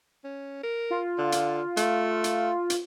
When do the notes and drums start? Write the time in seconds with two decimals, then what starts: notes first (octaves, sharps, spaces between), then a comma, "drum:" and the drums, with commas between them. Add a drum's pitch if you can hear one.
0.24 C#4
0.63 A#4
0.90 F4
1.18 D3
1.32 drum: hi-hat
1.77 A3, drum: hi-hat
2.24 drum: hi-hat
2.70 drum: hi-hat